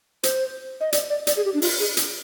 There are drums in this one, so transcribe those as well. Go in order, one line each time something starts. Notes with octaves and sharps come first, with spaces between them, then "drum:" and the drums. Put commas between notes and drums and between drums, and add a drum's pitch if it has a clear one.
C5, drum: hi-hat
D#5
D5, drum: hi-hat
D5
D5, drum: hi-hat
G#4
G4
D4
F4, drum: open hi-hat
G#4
drum: hi-hat